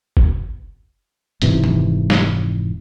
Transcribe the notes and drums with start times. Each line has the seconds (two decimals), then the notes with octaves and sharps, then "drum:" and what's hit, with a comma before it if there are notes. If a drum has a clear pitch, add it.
0.17 drum: kick
1.42 F1 G#2 C3 E3, drum: hi-hat
1.64 drum: tom D#3
2.10 drum: snare